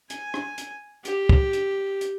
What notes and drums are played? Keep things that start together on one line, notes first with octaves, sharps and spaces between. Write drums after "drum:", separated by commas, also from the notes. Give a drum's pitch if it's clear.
G#5, drum: hi-hat
drum: rim click
drum: hi-hat
G4, drum: hi-hat
drum: kick
drum: hi-hat
drum: hi-hat